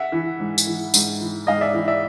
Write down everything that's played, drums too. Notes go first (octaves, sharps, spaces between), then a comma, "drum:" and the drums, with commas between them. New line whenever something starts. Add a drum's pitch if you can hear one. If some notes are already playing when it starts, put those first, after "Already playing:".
Already playing: E5 F#5
E3
G#2
drum: tambourine
E3
G#2, drum: tambourine
E3
G#2 D#5 F5
D5 E5
E3
D5 E5